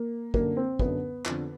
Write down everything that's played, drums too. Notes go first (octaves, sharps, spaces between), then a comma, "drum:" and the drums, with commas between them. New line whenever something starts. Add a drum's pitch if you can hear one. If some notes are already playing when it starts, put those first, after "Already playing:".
Already playing: A#3
F#2 D3 A#3, drum: kick
C4
F#2 D3 B3, drum: kick
F2 D3, drum: clap